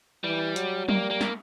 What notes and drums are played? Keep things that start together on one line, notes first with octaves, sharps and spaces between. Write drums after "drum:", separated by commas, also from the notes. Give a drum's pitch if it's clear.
E3 G3
F#3, drum: hi-hat
G3 A#3, drum: tom
A#3
drum: snare